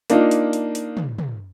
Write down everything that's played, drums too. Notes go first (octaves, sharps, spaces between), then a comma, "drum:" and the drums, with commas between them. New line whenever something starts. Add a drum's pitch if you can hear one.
A#3 D4 D#4 F4, drum: hi-hat
drum: hi-hat
drum: hi-hat
drum: hi-hat
drum: tom
drum: tom